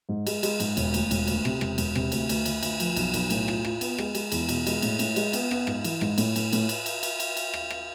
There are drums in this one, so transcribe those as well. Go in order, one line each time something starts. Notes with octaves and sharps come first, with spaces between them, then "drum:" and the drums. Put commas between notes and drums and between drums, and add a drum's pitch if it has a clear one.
G#2
G#3, drum: cymbal
G#3, drum: cymbal
G#2, drum: cymbal
E1, drum: cymbal
D2, drum: cymbal
E1, drum: cymbal
D2, drum: cymbal
C3, drum: rim click
E1, drum: rim click
E1, drum: cymbal
C3, drum: rim click
D2, drum: cymbal
D2, drum: cymbal
D2, drum: cymbal
D2, drum: cymbal
F3, drum: cymbal
B1, drum: cymbal
B1, drum: cymbal
A2, drum: cymbal
F4, drum: rim click
F4, drum: rim click
B3, drum: cymbal
G#3, drum: rim click
G#3, drum: cymbal
E2, drum: cymbal
B2, drum: cymbal
G#3, drum: cymbal
A2, drum: cymbal
A2, drum: cymbal
G#3, drum: cymbal
B3, drum: cymbal
B3, drum: rim click
G#2, drum: rim click
E3, drum: cymbal
G#2, drum: rim click
A2, drum: cymbal
A2, drum: cymbal
A2, drum: cymbal
drum: cymbal
drum: cymbal
drum: cymbal
drum: cymbal
drum: cymbal
drum: rim click
drum: rim click